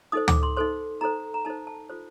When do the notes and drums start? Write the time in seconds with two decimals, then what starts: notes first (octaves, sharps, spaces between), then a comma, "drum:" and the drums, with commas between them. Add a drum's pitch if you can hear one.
0.12 D#4 A4 C5 D#6
0.28 D6, drum: tom D2
0.43 C6
0.57 D#4 A4 C5 C6
1.01 D#4 A4 C5 A#5
1.34 A#5
1.45 D#4 A4 C5 A5
1.67 A5
1.90 F4 A4 C5